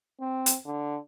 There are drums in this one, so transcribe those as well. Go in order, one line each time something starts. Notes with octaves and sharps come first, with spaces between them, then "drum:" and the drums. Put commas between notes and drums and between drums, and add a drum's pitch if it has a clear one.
C4
drum: hi-hat
D3